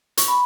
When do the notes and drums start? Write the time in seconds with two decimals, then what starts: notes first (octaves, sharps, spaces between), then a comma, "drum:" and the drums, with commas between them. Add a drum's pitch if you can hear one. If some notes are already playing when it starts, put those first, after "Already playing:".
0.17 C#6, drum: hi-hat
0.28 B5